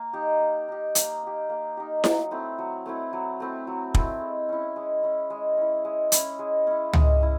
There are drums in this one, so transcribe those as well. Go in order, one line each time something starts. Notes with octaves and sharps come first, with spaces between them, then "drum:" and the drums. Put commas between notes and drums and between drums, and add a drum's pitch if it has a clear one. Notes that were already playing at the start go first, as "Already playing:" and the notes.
Already playing: A#3
D#4 G4
A#3
D#4 G4
A#3, drum: hi-hat
D#4 G4
A#3
D#4 G4
F#3, drum: snare E4
A3 C4 E4
F#3
A3 C4 E4
F#3
A3 C4 E4
F#3
A3 C4 E4, drum: kick
G#3
C#4 E4
G#3
C#4 E4
G#3
C#4 E4
G#3
C#4 E4, drum: hi-hat
G#3
C#4 E4
G#3, drum: tom
C#4 E4